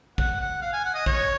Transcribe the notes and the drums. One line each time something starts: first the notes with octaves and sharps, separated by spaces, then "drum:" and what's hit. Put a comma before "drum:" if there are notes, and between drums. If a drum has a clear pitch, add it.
F#5, drum: kick
F#5
F5
G#5
F#5
D#5
C#5, drum: kick